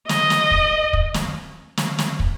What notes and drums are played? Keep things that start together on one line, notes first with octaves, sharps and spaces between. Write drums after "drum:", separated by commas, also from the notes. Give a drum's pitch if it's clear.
D#5, drum: snare
drum: snare
drum: kick
drum: kick
drum: snare
drum: snare
drum: snare
drum: kick